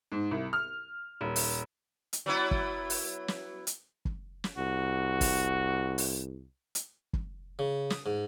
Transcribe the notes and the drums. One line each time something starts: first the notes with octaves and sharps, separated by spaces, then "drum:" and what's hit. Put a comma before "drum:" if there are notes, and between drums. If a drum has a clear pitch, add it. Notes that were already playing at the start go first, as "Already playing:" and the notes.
G#2
C2
F6
D#1
drum: open hi-hat
drum: hi-hat
F#3 B3 E4
drum: kick
drum: open hi-hat
drum: snare
drum: hi-hat
drum: kick
drum: snare
C2 F#4
drum: kick, open hi-hat
drum: open hi-hat
drum: hi-hat
drum: kick
C#3
D#6, drum: snare
G#2